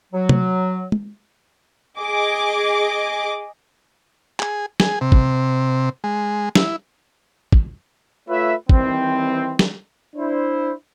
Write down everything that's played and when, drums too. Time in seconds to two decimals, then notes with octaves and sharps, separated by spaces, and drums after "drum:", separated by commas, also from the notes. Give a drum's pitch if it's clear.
0.13 F#3
0.29 drum: tom
0.92 drum: tom
1.99 G#4 D#5 D6
4.40 G#4, drum: clap
4.80 G#4, drum: snare
5.01 C3
5.12 drum: kick
6.04 G#3
6.55 E4, drum: snare
7.52 drum: kick
8.28 A3 F4 B4 C#5 E5
8.69 D#3 E3 G3 C4, drum: kick
9.59 drum: snare
10.16 D4 E4 C5